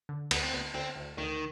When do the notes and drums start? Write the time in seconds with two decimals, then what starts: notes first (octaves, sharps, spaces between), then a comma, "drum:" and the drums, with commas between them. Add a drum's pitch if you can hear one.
0.09 D3
0.31 D2 B3, drum: cymbal
0.43 C4
0.53 D2 B3
0.74 D2 C4
0.96 D2
1.17 D2 D#3